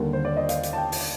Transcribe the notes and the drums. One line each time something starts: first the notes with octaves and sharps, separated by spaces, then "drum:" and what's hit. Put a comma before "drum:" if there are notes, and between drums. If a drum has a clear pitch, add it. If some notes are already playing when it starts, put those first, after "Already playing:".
Already playing: D#2 D3 G3 A#3
C5
D5
D#5
F5, drum: hi-hat
drum: hi-hat
A5
G5
drum: open hi-hat